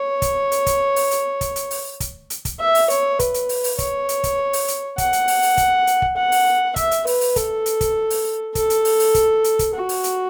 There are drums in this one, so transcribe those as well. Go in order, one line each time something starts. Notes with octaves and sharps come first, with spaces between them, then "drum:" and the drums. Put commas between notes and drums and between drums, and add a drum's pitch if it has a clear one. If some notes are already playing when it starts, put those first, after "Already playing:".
Already playing: C#5
drum: kick, hi-hat
drum: hi-hat
drum: kick, hi-hat
drum: open hi-hat
drum: hi-hat
drum: kick, hi-hat
drum: hi-hat
drum: open hi-hat
drum: kick, hi-hat
drum: hi-hat
drum: kick, hi-hat
E5
drum: open hi-hat
C#5, drum: hi-hat
B4, drum: kick, hi-hat
drum: hi-hat
drum: open hi-hat
drum: open hi-hat
C#5, drum: kick, hi-hat
drum: hi-hat
drum: kick, hi-hat
drum: open hi-hat
drum: hi-hat
F#5, drum: kick, hi-hat
drum: hi-hat
drum: open hi-hat
drum: open hi-hat
drum: kick, hi-hat
drum: hi-hat
drum: kick
F#5
drum: open hi-hat
E5, drum: kick, hi-hat
drum: hi-hat
B4, drum: open hi-hat
drum: open hi-hat
A4, drum: kick, hi-hat
drum: hi-hat
drum: kick, hi-hat
drum: open hi-hat
A4, drum: kick, hi-hat
drum: hi-hat
drum: open hi-hat
drum: open hi-hat
drum: kick, hi-hat
drum: hi-hat
drum: kick, hi-hat
F#4
drum: open hi-hat
drum: hi-hat